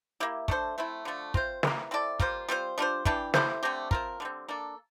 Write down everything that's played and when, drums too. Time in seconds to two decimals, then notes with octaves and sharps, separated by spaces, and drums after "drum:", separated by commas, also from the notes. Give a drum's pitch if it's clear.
0.20 A#3 E4 G4
0.48 A3 D4 A4 C5, drum: kick
0.78 A3 C4 E4
1.05 D3 F3 A3
1.34 C4 F4 C5, drum: kick
1.63 C3 E3 A#3, drum: snare
1.91 C4 E4 A4 D5
2.20 G3 A#3 F4 C5, drum: kick
2.49 G3 C4 F4 C5
2.78 G3 D4 F4 C5
3.05 E3 G3 D4 G4, drum: kick
3.34 A3 E4 G4 C5, drum: snare
3.63 D3 A3 C4 G4
3.91 C4 F4 A#4, drum: kick
4.20 D3 G3 C4
4.48 A#3 D4 A4